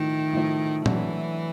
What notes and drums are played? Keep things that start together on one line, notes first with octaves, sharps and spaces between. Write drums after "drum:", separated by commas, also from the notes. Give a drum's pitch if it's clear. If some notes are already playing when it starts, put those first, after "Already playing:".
Already playing: A2 D#3 F3 A3
A2 F3 A3
E3 F#3 A3 D4, drum: tom